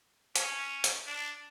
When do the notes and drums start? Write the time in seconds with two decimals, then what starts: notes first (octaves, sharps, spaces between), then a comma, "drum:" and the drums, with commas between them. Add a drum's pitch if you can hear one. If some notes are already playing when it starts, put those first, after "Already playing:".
0.36 C#4, drum: hi-hat
0.84 drum: hi-hat
1.07 D4